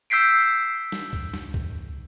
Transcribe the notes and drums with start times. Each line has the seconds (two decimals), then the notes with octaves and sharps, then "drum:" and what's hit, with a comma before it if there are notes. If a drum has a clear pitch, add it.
0.10 E6 G6 B6 C7 D7
0.92 drum: snare
1.13 drum: kick C#2
1.34 drum: snare
1.54 drum: kick C#2